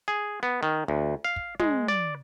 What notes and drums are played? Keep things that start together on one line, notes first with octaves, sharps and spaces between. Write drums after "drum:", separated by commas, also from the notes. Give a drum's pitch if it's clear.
G#4
B3
D#3
D2
F5
drum: kick
G#3, drum: tom
D5